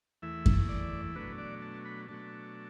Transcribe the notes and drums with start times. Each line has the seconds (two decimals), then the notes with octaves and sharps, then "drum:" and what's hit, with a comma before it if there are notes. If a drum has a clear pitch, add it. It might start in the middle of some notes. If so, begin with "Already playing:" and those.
0.22 E2 E3 A3 E4 E5
0.46 drum: kick F#2
0.69 D5
1.16 B2 F#3 A3 D4 B4
1.38 D5
1.62 A5
1.85 B5
2.08 B2 F#3 A3 D4 A5